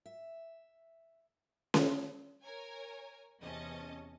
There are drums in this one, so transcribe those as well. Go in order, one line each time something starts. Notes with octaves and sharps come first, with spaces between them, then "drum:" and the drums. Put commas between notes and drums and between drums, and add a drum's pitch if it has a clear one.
E5
drum: snare C#4
A#4 C#5 G#5
E2 C3 C#4 D#5 A5